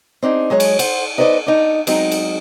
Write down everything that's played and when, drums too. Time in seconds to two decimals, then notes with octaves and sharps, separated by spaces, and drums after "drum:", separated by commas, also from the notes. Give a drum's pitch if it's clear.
0.22 C4 D4 D#4 G#4
0.50 F#3 G#3 G#4 C#5
0.60 drum: cymbal
0.79 C5 F#5, drum: cymbal
1.18 D#4 B4 C5 D5 D#5
1.47 D4 D#4
1.87 F#3 G#3 C4 D#4, drum: cymbal
2.11 drum: cymbal